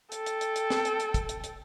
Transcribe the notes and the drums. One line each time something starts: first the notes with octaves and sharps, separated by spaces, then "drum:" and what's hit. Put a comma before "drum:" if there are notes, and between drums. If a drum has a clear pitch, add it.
A4 G5, drum: hi-hat
drum: hi-hat
drum: hi-hat
drum: hi-hat
drum: snare
drum: hi-hat
drum: hi-hat
drum: kick, hi-hat
drum: hi-hat
drum: hi-hat